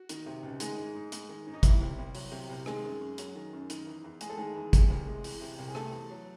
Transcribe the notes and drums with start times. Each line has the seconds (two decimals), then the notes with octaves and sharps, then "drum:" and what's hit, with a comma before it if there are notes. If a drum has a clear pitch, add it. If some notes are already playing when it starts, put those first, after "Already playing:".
Already playing: F#4
0.09 D#3, drum: hi-hat
0.26 C3
0.43 C#2
0.60 D#3 G#3 G#4, drum: hi-hat
0.77 G#2
0.95 G#2
1.12 G#3, drum: hi-hat
1.29 D#3
1.47 G#2
1.54 D#4
1.63 C3 E3 E4, drum: kick, hi-hat
1.81 C2
1.98 C2
2.15 F#3, drum: open hi-hat
2.32 C3
2.49 C2
2.66 D#3 G#3 G#4, drum: rim click
2.83 F#2
3.01 F#2
3.18 F#3, drum: hi-hat
3.35 D#3
3.53 F#2
3.70 D#3, drum: hi-hat
3.87 E2
4.04 E2
4.21 G#3 G#4, drum: hi-hat
4.30 A4
4.37 D#3 G#3 G#4
4.55 E2
4.73 C3, drum: kick, hi-hat
4.90 C2
5.07 G#3
5.24 E3, drum: open hi-hat
5.41 C3
5.59 C2
5.68 G#4
5.75 C3 A3 A4, drum: rim click
5.92 E2
6.10 F#3